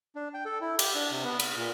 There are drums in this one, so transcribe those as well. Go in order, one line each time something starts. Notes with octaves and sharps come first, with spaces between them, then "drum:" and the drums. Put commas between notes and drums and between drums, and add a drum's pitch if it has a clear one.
D4
G5
A4
E4
G4, drum: cymbal
D4
C3
B3
B5, drum: cymbal
A#2